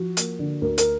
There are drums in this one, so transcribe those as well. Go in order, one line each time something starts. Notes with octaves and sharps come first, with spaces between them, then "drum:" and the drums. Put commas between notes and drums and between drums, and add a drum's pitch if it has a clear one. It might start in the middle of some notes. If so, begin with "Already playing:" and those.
Already playing: F3 F#4
A#3, drum: hi-hat
D3
D2 A#4
A#4, drum: hi-hat